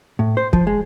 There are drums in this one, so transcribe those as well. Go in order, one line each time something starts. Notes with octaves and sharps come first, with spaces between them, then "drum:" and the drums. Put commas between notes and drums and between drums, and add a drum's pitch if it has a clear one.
A2
C5
F3, drum: kick
G#3